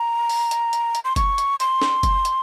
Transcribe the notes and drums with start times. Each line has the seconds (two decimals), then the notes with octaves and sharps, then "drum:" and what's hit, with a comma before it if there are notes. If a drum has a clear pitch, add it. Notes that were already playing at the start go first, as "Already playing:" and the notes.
Already playing: A#5
0.30 drum: open hi-hat
0.51 drum: hi-hat
0.73 drum: hi-hat
0.95 drum: hi-hat
1.05 C6
1.16 C#6, drum: kick F#1, hi-hat
1.38 drum: hi-hat
1.60 C6, drum: hi-hat
1.82 drum: snare
2.03 drum: kick F#1, hi-hat
2.25 drum: hi-hat